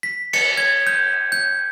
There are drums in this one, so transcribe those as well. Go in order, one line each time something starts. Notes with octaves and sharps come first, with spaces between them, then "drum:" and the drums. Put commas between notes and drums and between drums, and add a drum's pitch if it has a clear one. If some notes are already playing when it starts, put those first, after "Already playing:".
B6
C#7, drum: cymbal
G#6
G6
G6